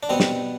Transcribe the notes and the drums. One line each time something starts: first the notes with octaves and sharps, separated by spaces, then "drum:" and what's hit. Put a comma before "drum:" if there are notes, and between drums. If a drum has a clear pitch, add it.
D4
B2 G3 B3 C4
drum: snare